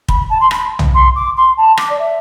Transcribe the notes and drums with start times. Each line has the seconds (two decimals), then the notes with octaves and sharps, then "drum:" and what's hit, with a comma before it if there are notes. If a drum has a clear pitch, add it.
0.08 B5, drum: kick
0.29 A5
0.40 C6
0.51 B5, drum: rim click
0.79 drum: tom
0.94 C6
1.15 D6
1.36 C6
1.57 A5
1.77 D6, drum: rim click
1.89 D5
1.99 E5